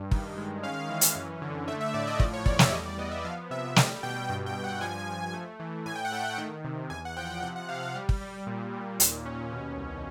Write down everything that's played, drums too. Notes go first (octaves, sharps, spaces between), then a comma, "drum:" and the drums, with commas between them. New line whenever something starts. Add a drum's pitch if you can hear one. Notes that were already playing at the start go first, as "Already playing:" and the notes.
Already playing: G2
D#3, drum: kick
G#3
C#4 F5
E3
drum: hi-hat
F#2
D3
A3 E5
E5
A2 D5
D#5
F3 D5, drum: kick
C#5
E2 D5, drum: kick
E5, drum: snare
G3 D#5
D5
B3 D#5
E5
F3 F5
C3 E5
G3 D#5, drum: snare
B2 G5
G2 G5
G5
G2
F#5
F3 G#5
F3
A3
E3
A2 G#5
G5
F#5
A3 G5
D#3
C3
E2 G#5
F#5
F3 G5
C3 F#5
F#5
C3 F5
F5
G3
drum: kick
G3
A#2
A#2
D#2, drum: hi-hat
C#4
B2
C2